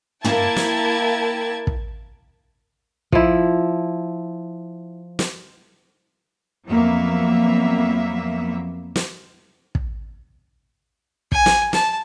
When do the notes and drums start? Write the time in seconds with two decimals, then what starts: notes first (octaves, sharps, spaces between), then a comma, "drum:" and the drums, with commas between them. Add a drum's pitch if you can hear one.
0.24 A#3 E4 G5 A5 G#6, drum: tom
0.56 drum: snare
1.67 drum: kick
3.12 F3 E4, drum: kick
5.19 drum: snare
6.68 F2 F#3 A#3 B3 E5
8.96 drum: snare
9.75 drum: kick
11.32 G#5, drum: kick
11.46 drum: snare
11.73 A5, drum: snare